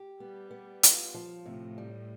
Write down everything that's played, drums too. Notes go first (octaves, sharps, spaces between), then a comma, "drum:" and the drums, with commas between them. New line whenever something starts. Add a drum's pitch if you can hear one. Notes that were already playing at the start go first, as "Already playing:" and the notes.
Already playing: G4
G3 B3
B3
F4, drum: hi-hat
F3
A2 C3
G3